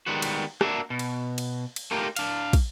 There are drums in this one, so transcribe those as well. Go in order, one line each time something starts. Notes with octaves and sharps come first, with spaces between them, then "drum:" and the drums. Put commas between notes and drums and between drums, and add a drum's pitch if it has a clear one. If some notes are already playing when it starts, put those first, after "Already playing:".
D#3 G3 G#3 B3 F#4
drum: cymbal
A#3 D4 F#4 E5, drum: rim click
B2
drum: cymbal
drum: cymbal
drum: cymbal
A3 A#3 D#4 F4 G4 A#4
D4 F5, drum: cymbal
drum: kick, cymbal